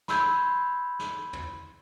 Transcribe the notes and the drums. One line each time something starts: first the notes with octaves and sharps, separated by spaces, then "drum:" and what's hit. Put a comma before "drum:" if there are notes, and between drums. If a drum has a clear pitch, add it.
B5 C6 E6 G6 G#6, drum: snare
drum: snare
drum: tom